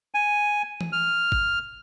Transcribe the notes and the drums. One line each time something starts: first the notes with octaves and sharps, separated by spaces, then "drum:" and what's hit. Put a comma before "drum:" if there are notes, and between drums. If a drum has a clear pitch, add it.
G#5
drum: tom E3
F6
drum: kick G#1